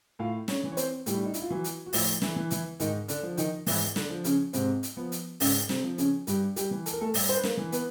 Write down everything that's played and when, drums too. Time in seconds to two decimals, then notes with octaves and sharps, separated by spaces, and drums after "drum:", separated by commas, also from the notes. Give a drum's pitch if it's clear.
0.19 A2 F4 F5
0.48 C#4 C#5, drum: snare
0.63 E3
0.72 C#5
0.77 C4 C5, drum: hi-hat
1.06 A2 G3 G4, drum: hi-hat
1.17 D4
1.24 D#4
1.34 E4, drum: hi-hat
1.42 F4
1.50 E3 F#3 F#4
1.64 drum: hi-hat
1.86 F#4
1.93 A2 F3 F4, drum: open hi-hat
2.22 E3 E4, drum: snare
2.36 E3
2.51 E3 E4, drum: hi-hat
2.80 G#2 D#3 D#4, drum: hi-hat
3.08 D3 D4, drum: hi-hat
3.23 F3
3.37 D#3 D#4, drum: hi-hat
3.67 G#2 E3 E4, drum: open hi-hat
3.96 D3 D4, drum: snare
4.10 F3
4.24 C#3 C#4, drum: hi-hat
4.53 G#2 C3 C4, drum: hi-hat
4.83 drum: hi-hat
4.97 F3 B3
5.12 drum: hi-hat
5.40 G#2 C#3 C#4, drum: open hi-hat
5.69 C3 C4, drum: snare
5.84 F3
5.98 C#3 C#4, drum: hi-hat
6.27 G2 G3 G4, drum: hi-hat
6.56 G3 G4, drum: hi-hat
6.71 E3
6.86 A4, drum: hi-hat
6.93 A#4
7.01 A3 A4
7.14 G2, drum: open hi-hat
7.29 C5
7.36 B4
7.43 A#3 A#4, drum: snare
7.57 E3
7.72 B3 B4, drum: hi-hat